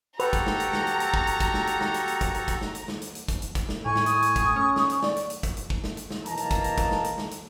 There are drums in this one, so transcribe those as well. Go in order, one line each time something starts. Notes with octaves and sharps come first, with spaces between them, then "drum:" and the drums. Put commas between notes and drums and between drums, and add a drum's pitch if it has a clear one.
F#4 G4 A4 B4 A#5, drum: hi-hat
drum: kick, hi-hat
drum: snare
drum: hi-hat
drum: snare
drum: hi-hat
drum: hi-hat
drum: kick
drum: hi-hat
drum: kick, hi-hat
drum: snare
drum: hi-hat
drum: snare
drum: hi-hat
drum: hi-hat
drum: kick, hi-hat
drum: hi-hat
drum: kick, hi-hat
drum: snare
drum: hi-hat
drum: snare
drum: hi-hat
drum: hi-hat
drum: kick, hi-hat
drum: hi-hat
drum: kick, hi-hat
drum: snare
A2 G#5 C#6
drum: snare
D#6, drum: hi-hat
drum: hi-hat
drum: kick, hi-hat
C#4
drum: snare
drum: hi-hat
D5, drum: snare
drum: hi-hat
drum: hi-hat
drum: kick, hi-hat
drum: hi-hat
drum: kick
drum: snare
drum: hi-hat
drum: snare
B1 E3 A#3 D#5 A5 A#5, drum: hi-hat
drum: hi-hat
drum: kick, hi-hat
drum: hi-hat
drum: kick, hi-hat
drum: snare
drum: hi-hat
drum: snare
drum: hi-hat